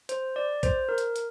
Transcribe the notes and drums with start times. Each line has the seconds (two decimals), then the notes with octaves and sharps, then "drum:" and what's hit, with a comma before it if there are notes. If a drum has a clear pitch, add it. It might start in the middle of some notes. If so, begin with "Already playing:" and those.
0.09 C5, drum: hi-hat
0.36 D5
0.63 C5, drum: kick, hi-hat
0.89 A#4
0.98 drum: hi-hat
1.16 drum: hi-hat